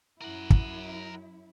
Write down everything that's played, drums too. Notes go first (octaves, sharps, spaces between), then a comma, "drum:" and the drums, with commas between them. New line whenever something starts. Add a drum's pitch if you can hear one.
F#2 E4 A#4 F#5
drum: kick